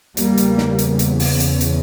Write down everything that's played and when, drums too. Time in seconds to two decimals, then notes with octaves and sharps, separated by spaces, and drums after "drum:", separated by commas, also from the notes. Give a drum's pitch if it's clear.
0.17 E2 C#3 G3 A#3, drum: hi-hat
0.37 drum: hi-hat
0.58 drum: snare
0.79 drum: hi-hat
0.99 drum: hi-hat
1.20 drum: open hi-hat
1.40 drum: hi-hat
1.61 drum: hi-hat